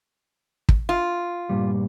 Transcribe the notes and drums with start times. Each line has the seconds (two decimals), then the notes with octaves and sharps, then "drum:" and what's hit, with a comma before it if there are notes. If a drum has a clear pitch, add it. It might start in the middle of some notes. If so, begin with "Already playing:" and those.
0.69 drum: kick
0.89 F4
1.49 G2 A#2 G3